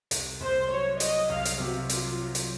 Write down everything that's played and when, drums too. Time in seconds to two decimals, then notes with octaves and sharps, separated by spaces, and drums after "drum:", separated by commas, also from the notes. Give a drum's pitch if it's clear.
0.11 C2, drum: hi-hat
0.41 C2 C5
0.71 F#3 C#5
1.00 F#3 D#5, drum: hi-hat
1.30 C2 F5
1.45 drum: hi-hat
1.60 C3 F#4
1.89 F#3 F4, drum: hi-hat
2.20 F#3
2.35 drum: hi-hat